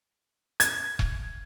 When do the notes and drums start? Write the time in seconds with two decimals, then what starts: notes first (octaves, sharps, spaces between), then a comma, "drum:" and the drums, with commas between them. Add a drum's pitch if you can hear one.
0.60 G#6, drum: hi-hat
0.99 drum: kick E1